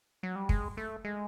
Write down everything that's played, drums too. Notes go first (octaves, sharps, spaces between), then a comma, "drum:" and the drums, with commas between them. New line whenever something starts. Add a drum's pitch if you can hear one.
F#3
G3
G#3, drum: kick
A3
G#3